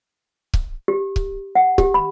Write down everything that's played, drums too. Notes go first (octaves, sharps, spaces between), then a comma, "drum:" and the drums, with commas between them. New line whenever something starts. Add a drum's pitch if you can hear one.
drum: kick C#1
G4
drum: kick C#1
F#5
G4, drum: kick C#1
B5